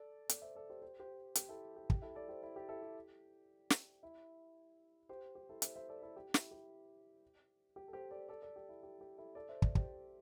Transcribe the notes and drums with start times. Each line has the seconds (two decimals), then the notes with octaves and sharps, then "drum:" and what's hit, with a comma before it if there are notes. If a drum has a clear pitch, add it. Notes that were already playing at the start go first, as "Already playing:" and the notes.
Already playing: A4 D5
0.29 A4 D5, drum: hi-hat
0.42 C5 E5
0.55 A4 D5
0.69 G4 C5
0.82 G4 C5
1.00 G4 C5
1.35 G4, drum: hi-hat
1.49 E4 A4
1.76 G4
1.90 G4, drum: kick
2.02 E4 A4
2.15 A4 D5
2.29 G4 C5
2.42 E4 A4
2.56 G4
2.69 E4 A4
2.83 G4
3.70 drum: snare
4.03 E4
5.09 G4 C5
5.35 G4
5.49 E4 A4
5.62 C5 E5, drum: hi-hat
5.76 C5 E5
5.89 A4 D5
6.02 E4 A4
6.16 G4
6.34 E4, drum: snare
6.51 G4
7.76 G4
7.88 A4
7.93 G4 C5
8.11 A4 D5
8.29 A4 D5
8.42 A4 D5
8.56 G4
8.69 E4
8.83 G4
9.01 G4
9.18 E4 A4
9.35 A4 D5
9.49 C5 E5
9.62 A4 D5, drum: kick
9.75 G4 C5, drum: kick